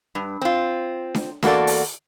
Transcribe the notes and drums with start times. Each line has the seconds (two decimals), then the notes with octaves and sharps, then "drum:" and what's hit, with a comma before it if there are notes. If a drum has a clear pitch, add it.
0.15 G2
0.41 C4 F4
1.15 drum: snare D4
1.43 E2 A#3 F#4 A4 D5, drum: snare D4
1.67 drum: open hi-hat